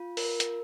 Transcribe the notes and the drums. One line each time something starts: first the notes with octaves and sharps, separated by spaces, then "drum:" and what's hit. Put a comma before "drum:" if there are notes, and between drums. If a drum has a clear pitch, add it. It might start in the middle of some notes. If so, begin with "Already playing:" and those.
Already playing: F4
A#4, drum: open hi-hat
drum: hi-hat